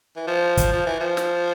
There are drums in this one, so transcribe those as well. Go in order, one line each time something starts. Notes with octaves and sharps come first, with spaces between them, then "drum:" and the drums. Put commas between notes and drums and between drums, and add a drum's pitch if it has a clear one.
E3
F3
drum: kick, hi-hat
F3
E3
F3
drum: snare